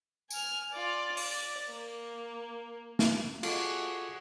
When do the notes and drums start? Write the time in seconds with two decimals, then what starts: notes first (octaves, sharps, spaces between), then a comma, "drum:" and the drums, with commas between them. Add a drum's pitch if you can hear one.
0.30 G#5 F6, drum: tambourine
0.72 F4 D5
1.17 D5, drum: open hi-hat
1.68 A#3
2.99 drum: snare
3.43 F4 F#4 G#4 A4 D6, drum: cymbal